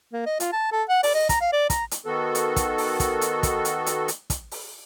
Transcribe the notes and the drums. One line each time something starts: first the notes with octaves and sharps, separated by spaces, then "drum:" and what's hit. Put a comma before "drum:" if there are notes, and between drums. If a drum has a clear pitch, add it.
A#3
D#5
F4, drum: hi-hat
A5
A4
F#5
D5, drum: open hi-hat
D#5
A#5, drum: kick, hi-hat
F5
D5
A#5, drum: kick, hi-hat
drum: hi-hat
D#3 B3 F#4 A4
drum: hi-hat
drum: kick, hi-hat
drum: open hi-hat
drum: kick, hi-hat
drum: hi-hat
drum: kick, hi-hat
drum: hi-hat
drum: hi-hat
drum: hi-hat
drum: kick, hi-hat
drum: open hi-hat